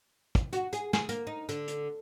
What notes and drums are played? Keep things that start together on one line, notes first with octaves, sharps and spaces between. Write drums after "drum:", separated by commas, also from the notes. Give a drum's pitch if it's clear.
drum: kick, hi-hat
F#4, drum: hi-hat
G#4, drum: hi-hat
G#4, drum: snare
A#3, drum: hi-hat
D#4
D3, drum: hi-hat
drum: hi-hat